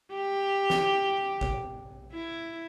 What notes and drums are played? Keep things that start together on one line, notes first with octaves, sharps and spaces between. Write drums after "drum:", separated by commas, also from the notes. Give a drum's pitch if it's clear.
G4
drum: snare
drum: kick G1
E4